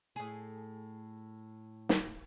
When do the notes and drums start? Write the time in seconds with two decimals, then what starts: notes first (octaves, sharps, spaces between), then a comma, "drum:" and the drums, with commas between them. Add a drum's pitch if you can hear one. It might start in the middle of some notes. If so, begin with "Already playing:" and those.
0.16 A2 G#4
1.89 drum: snare